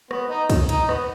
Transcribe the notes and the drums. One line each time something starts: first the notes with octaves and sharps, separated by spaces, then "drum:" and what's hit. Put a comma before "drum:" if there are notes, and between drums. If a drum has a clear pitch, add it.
B3, drum: rim click
D#4
drum: kick, cymbal
D#4, drum: cymbal
B3, drum: rim click